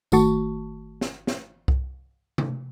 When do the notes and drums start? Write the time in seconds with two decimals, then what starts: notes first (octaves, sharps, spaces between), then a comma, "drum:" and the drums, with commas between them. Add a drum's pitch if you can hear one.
0.12 G1 D#3 A3 F#4 A5 C#6, drum: tambourine
1.01 drum: snare
1.27 drum: snare
1.68 drum: kick C2
2.38 drum: tom C3